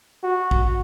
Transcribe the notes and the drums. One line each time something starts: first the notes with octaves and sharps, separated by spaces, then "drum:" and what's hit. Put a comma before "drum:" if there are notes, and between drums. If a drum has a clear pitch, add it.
F#4
drum: kick